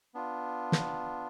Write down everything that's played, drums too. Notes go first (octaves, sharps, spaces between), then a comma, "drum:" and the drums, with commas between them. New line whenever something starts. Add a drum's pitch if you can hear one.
B3 D4 F4
drum: snare